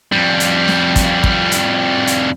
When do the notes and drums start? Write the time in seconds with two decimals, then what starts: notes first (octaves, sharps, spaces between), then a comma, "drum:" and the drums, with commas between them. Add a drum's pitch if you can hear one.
0.12 F2 G3
0.40 drum: hi-hat
0.68 drum: snare
0.96 drum: kick, hi-hat
1.24 drum: kick
1.51 drum: hi-hat
2.07 drum: hi-hat